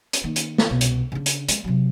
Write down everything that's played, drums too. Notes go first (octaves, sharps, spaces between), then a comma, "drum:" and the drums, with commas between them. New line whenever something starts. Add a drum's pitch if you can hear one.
drum: hi-hat
D#3 A#3
drum: hi-hat
drum: snare
C2 B2
drum: hi-hat
C#3 D4
drum: hi-hat
G#3, drum: hi-hat
C3 F#3